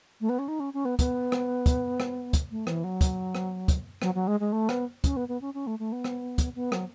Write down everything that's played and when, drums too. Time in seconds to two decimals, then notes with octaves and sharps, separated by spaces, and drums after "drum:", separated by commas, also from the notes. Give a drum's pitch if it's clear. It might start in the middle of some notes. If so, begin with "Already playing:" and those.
0.21 A3
0.29 B3
0.39 C#4
0.48 D#4
0.60 C#4
0.74 C#4
0.85 B3
0.99 B3, drum: kick, hi-hat
1.32 drum: rim click
1.66 drum: kick, hi-hat
2.00 drum: rim click
2.33 drum: kick, hi-hat
2.51 A3
2.67 E3, drum: rim click
2.84 F#3
3.01 drum: kick, hi-hat
3.35 drum: rim click
3.68 drum: kick, hi-hat
4.02 F#3, drum: rim click
4.14 F#3
4.27 G#3
4.40 G#3
4.52 A3
4.69 B3, drum: rim click
5.04 C#4, drum: kick, hi-hat
5.16 B3
5.28 B3
5.41 C#4
5.54 C#4
5.67 A3
5.79 A3
5.92 B3
6.04 drum: rim click
6.38 drum: kick, hi-hat
6.55 B3
6.72 F#3, drum: rim click